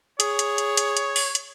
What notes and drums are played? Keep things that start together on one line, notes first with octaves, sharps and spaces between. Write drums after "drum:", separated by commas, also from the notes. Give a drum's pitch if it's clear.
G#4 C#5, drum: hi-hat
drum: hi-hat
drum: hi-hat
drum: hi-hat
drum: hi-hat
drum: open hi-hat
drum: hi-hat